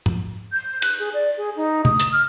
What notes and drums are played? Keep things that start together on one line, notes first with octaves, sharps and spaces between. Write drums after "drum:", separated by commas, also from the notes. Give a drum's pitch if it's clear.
drum: tom G#2
G6
F#6, drum: cymbal
G#4
D5
G#4
D#4
D#6, drum: tom
drum: hi-hat
F6